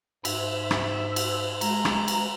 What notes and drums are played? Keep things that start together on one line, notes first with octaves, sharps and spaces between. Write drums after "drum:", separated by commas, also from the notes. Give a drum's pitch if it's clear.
G#2 E5, drum: cymbal
drum: rim click
drum: cymbal
G#3 A#5, drum: cymbal
drum: rim click
drum: cymbal